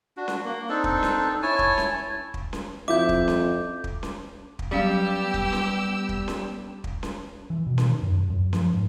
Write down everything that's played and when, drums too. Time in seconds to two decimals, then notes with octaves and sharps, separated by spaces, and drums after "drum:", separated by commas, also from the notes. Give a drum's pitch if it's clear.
0.17 D4 F#4
0.28 drum: snare C#4
0.45 A#3
0.69 C4 D4 D#4 A4
0.84 drum: kick
1.03 drum: snare C#4
1.42 E4 C#5 G#5 A5
1.59 drum: kick
1.78 drum: snare C#4
2.34 drum: kick
2.53 drum: snare C#4
2.88 F2 E4 E5 D6 G6
3.09 drum: kick
3.28 drum: snare C#4
3.84 drum: kick
4.03 drum: snare C#4
4.59 drum: kick
4.71 F#3 G3 B3 C#4 G4 F5 E6
5.34 drum: kick
5.53 drum: snare C#4
6.09 drum: kick
6.28 drum: snare C#4
6.84 drum: kick
7.03 drum: snare C#4
7.50 E3
7.67 B2
7.78 drum: snare C#4
7.89 D#3
8.03 F#2
8.30 F#2
8.53 F3, drum: snare C#4
8.73 G#2